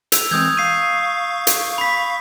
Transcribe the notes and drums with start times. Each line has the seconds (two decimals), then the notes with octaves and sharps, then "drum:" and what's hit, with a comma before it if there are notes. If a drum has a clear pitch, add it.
0.12 E6 F7, drum: hi-hat
0.31 E3 G#3 C4 D#6 G6 G#6
0.57 F5 C#6 C7 D#7
1.47 drum: hi-hat
1.78 B5 B6